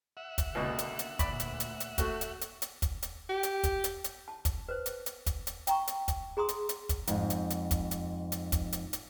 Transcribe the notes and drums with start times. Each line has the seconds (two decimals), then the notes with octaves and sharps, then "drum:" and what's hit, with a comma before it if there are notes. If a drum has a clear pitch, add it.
0.17 E5 F#5
0.38 drum: kick, hi-hat
0.55 C#2 B2 D3 A#3
0.78 drum: hi-hat
0.99 drum: hi-hat
1.19 D2 A#2 D5 B5, drum: kick, hi-hat
1.40 drum: hi-hat
1.60 drum: hi-hat
1.80 drum: hi-hat
1.98 A3 F#4, drum: kick, hi-hat
2.21 drum: hi-hat
2.41 drum: hi-hat
2.62 drum: hi-hat
2.82 drum: kick, hi-hat
3.02 drum: hi-hat
3.29 G4
3.43 drum: hi-hat
3.64 drum: kick, hi-hat
3.84 drum: hi-hat
4.04 drum: hi-hat
4.28 A5
4.45 drum: kick, hi-hat
4.69 B4 C5
4.86 drum: hi-hat
5.06 drum: hi-hat
5.26 drum: kick, hi-hat
5.47 drum: hi-hat
5.67 G5 A#5 C#6, drum: hi-hat
5.87 drum: hi-hat
6.08 drum: kick, hi-hat
6.37 G#4 A#5 C6 D#6
6.49 drum: hi-hat
6.69 drum: hi-hat
6.89 drum: kick, hi-hat
7.07 F2 G#2, drum: hi-hat
7.30 drum: hi-hat
7.50 drum: hi-hat
7.71 drum: kick, hi-hat
7.91 drum: hi-hat
8.32 drum: hi-hat
8.52 drum: kick, hi-hat
8.73 drum: hi-hat
8.93 drum: hi-hat